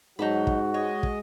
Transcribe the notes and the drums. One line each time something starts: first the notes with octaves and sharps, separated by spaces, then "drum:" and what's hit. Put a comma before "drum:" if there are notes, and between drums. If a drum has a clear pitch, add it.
G#2 F#3 D#4 F#4 A5 B5
drum: kick
G#3 C#5 D#5
drum: kick